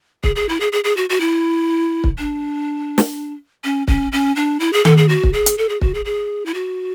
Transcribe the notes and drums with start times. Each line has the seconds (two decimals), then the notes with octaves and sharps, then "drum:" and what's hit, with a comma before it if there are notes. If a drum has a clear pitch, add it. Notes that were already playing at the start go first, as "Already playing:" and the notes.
0.24 G#4, drum: kick
0.36 G#4
0.49 E4
0.60 G#4
0.72 G#4
0.84 G#4
0.97 F#4
1.10 F#4
1.21 E4
2.04 drum: kick
2.19 D4
2.98 drum: snare
3.64 C#4
3.88 C#4, drum: kick
4.12 C#4
4.36 D4
4.60 E4
4.73 G#4
4.85 A4, drum: tom D#3
4.97 G#4
5.09 F#4
5.23 drum: kick
5.33 G#4
5.46 drum: hi-hat
5.58 A4
5.69 G#4
5.81 F#4, drum: kick
5.94 G#4
6.05 G#4
6.46 E4
6.54 F#4